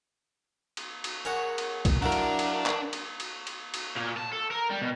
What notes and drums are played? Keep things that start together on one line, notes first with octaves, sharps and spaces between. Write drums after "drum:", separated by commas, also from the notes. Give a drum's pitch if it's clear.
drum: cymbal
drum: cymbal
G#4 A#4 C#5 F#5
drum: cymbal
drum: kick, cymbal
F#3 D4 E4 F4 A#4 F#5
drum: cymbal
drum: cymbal
drum: clap
drum: cymbal
drum: cymbal
drum: cymbal
drum: cymbal
A#2
A5
A4
A#4
G3
B2